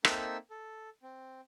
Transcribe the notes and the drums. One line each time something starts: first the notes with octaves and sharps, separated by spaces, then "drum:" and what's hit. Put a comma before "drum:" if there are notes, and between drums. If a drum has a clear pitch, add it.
A#3 C4 D#4 A4 E5 E6, drum: rim click
A4
C4